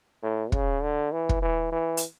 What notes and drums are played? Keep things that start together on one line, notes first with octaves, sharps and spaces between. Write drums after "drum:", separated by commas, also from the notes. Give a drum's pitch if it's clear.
A2
C#3, drum: kick
D3
E3
drum: kick
E3
E3
drum: hi-hat